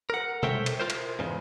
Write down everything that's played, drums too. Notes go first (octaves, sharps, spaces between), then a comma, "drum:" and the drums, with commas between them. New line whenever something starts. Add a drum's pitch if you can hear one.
A#4 F#5
A4 A#4 C5 C#5 E5 G5, drum: tom B2
drum: cymbal
F4 A#4 C5
drum: cymbal
E2 G#2 C#3